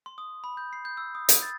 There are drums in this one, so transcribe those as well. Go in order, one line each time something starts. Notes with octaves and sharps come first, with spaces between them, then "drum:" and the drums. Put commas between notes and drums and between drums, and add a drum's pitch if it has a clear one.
C6
D#6
B5
G6
C7
G6
E6
D#6
G#6, drum: hi-hat
A6